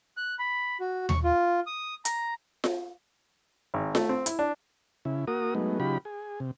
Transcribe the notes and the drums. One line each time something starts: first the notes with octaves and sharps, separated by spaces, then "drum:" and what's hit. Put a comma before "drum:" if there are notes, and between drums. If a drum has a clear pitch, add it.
F#6
B5
F#4
C#6, drum: tom D#2
F4
D#6
A#5, drum: hi-hat
drum: snare F4
G#1
A3, drum: snare F4
C4
E4, drum: hi-hat
D4
C#3 E4
A#3 F#4 A#4 D#6
F#3 G#3 A3 B3 D#4
C#3 F#3 D#4 F4 G4 B5
G#4
C3